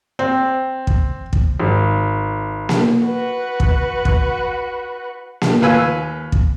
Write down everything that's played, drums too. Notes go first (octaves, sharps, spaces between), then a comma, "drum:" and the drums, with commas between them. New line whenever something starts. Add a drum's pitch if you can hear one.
C4
drum: kick
drum: kick
G#1
drum: snare A#3
F#4 B4
drum: kick
drum: kick
drum: snare A#3
D#2 F4 B4 G#5 E6
drum: kick